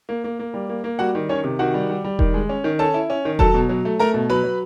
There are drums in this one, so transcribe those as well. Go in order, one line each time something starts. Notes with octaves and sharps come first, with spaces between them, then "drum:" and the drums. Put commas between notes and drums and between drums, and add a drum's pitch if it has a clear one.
A#3
A#3
A#3
G3
A#3
A#3
G3 F#4 F#5
D#3
D#3 C#4 C#5
C3
D#3 F#4 F#5
G3
G3
G3
D#3, drum: kick E1
G#3
C#4
D#3
C#4 A4 A5
E4
C#4
D#3
F#3 A4 A5, drum: kick E1
B2
F#3
A3
A3 A#4 A#5
B2
F#3 B4 B5
F#3